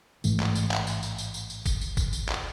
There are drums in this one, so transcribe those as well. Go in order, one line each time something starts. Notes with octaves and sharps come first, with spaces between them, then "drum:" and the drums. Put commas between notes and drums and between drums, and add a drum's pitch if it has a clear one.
A1 G#2 E3 A3, drum: tambourine
drum: clap
drum: tambourine
drum: clap
drum: tambourine
drum: tambourine
drum: tambourine
drum: tambourine
drum: tambourine
drum: kick, tambourine
drum: tambourine
drum: kick, tambourine
drum: tambourine
drum: clap